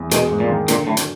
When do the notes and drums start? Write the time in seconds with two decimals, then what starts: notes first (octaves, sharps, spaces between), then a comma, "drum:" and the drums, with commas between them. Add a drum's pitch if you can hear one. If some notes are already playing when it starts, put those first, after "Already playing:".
Already playing: E2
0.11 B2 G#3, drum: hi-hat
0.31 G#2
0.40 A#2
0.49 D#3
0.68 A#2 D3, drum: hi-hat
0.87 A2 F#3
0.97 drum: hi-hat